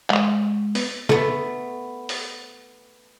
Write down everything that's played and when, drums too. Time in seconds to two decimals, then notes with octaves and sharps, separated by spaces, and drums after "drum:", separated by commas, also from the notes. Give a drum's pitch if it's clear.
0.10 G#3, drum: clap
0.75 B3, drum: open hi-hat
1.09 A3 B3, drum: snare
2.09 drum: open hi-hat